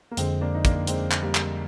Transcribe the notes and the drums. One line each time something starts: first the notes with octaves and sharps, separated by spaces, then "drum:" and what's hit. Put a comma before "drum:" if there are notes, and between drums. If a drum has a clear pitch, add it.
A#3
F2 D3 F3 G#3 C4, drum: hi-hat
A#3 D4
D#4
A#3 D4, drum: kick, hi-hat
G#3 C4, drum: hi-hat
drum: clap
G3 A#3
drum: clap